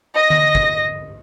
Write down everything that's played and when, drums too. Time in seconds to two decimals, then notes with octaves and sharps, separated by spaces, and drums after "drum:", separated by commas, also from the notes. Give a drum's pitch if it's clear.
0.14 D#5 A#6
0.30 drum: tom D3
0.55 drum: kick